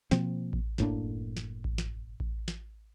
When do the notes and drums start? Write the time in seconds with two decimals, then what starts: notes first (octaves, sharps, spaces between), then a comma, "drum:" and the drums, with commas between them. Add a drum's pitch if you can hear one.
0.11 B2 F3 A#3 C4, drum: snare
0.53 drum: kick A1
0.78 F#1 A2 A#3 D4, drum: snare
1.37 drum: snare
1.64 drum: kick A1
1.78 drum: snare
2.20 drum: kick A1
2.48 drum: snare